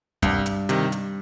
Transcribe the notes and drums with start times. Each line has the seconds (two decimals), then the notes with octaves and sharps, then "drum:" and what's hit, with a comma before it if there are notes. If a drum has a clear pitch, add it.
0.22 C2 G2, drum: kick, hi-hat
0.46 drum: hi-hat
0.69 C3 D#3, drum: hi-hat
0.92 drum: hi-hat